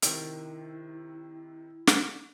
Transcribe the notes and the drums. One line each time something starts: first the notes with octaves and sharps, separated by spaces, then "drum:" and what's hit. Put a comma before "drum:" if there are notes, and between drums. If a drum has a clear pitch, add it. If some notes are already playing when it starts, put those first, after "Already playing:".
C3 D#3 E4, drum: hi-hat
drum: snare